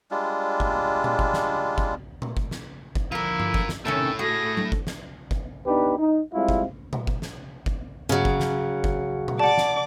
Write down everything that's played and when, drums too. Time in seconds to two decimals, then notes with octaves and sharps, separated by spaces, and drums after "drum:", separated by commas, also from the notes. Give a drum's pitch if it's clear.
0.11 G3 G#3 D4 F4
0.60 drum: kick G1
1.04 drum: tom A#2
1.19 drum: kick G1
1.34 drum: snare
1.78 drum: kick G1
2.22 drum: tom A#2
2.37 drum: kick G1
2.51 drum: snare
2.95 drum: kick G1
3.12 D3 F3 E4 F4 A#4
3.40 drum: tom G2
3.54 drum: kick G1
3.69 drum: snare
3.85 A2 C3 D#3 A3 C#4 A4
4.19 F#4 G#4 A4 A#6
4.57 drum: tom F#3
4.72 drum: kick G1
4.87 drum: snare
5.31 drum: kick G1
5.67 B3 D4 D#4 G4 B4
5.98 D#4
6.34 G3 G#3 C4 E4 F4
6.49 drum: kick G1
6.93 drum: tom A#2
7.07 drum: kick G1
7.22 drum: snare
7.66 drum: kick G1
8.09 C#3 F#3, drum: tom G2
8.25 drum: kick G1
8.40 drum: snare
8.84 drum: kick G1
9.28 drum: tom A#2
9.39 D5 F#5 A5 D6
9.57 drum: snare